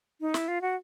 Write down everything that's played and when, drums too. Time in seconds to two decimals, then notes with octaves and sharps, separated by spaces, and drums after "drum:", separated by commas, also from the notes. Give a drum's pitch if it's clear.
0.21 D#4
0.34 E4, drum: snare
0.48 F4
0.61 F#4